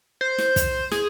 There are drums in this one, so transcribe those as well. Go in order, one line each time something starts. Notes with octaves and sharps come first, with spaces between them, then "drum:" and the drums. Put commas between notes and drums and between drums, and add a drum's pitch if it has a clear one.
C5
drum: snare
drum: kick, hi-hat
G#4, drum: snare